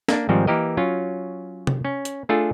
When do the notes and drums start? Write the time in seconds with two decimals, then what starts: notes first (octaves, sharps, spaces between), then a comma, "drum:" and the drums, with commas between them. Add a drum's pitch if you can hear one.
0.08 A#3 D4, drum: snare
0.29 G#2 D#3 F3 G3 C4
0.47 E3 A#3 G4 A#4 D#5
0.77 F#3 C#4 F4
1.67 drum: tom C3
1.85 C#4
2.05 drum: hi-hat
2.29 A3 D4 F4 G#4 A4